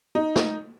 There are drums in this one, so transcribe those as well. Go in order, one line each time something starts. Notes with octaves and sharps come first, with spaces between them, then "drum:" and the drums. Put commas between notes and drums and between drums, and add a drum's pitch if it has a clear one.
D#4
drum: snare